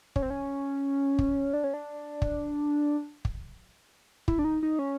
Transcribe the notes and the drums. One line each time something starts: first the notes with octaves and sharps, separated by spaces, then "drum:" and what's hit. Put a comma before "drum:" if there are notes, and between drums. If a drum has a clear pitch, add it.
C#4, drum: kick
C4
C#4
drum: kick
D4
C#4
D4
drum: kick
drum: kick
E4, drum: kick
D4
D#4
D#4
C#4